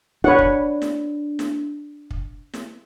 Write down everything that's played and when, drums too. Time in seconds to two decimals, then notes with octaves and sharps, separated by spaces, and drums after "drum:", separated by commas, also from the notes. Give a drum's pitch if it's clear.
0.24 D4 B4 C#5 F#5
0.39 drum: kick
0.82 drum: snare
1.39 drum: snare
2.11 drum: kick
2.54 drum: snare